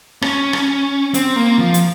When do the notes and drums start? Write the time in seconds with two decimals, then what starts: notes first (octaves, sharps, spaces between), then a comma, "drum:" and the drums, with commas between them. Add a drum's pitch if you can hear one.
0.22 C#4, drum: rim click
0.53 drum: rim click
1.14 C4, drum: hi-hat
1.36 A#3
1.59 F3
1.74 drum: hi-hat